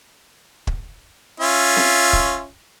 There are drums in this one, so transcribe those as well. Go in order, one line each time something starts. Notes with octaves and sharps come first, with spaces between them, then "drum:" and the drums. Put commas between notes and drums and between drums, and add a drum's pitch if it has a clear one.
drum: kick
C#4 F4 E5
drum: snare C4
drum: kick